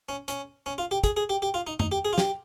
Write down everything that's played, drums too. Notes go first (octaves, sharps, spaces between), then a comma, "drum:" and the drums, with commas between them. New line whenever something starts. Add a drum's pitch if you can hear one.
C#4
C#4, drum: hi-hat
C#4
F4
G4
G#4, drum: kick, hi-hat
G#4
G4
G4
F4
D#4
D#4, drum: tom F#2
G4
G#4
F4
G4, drum: snare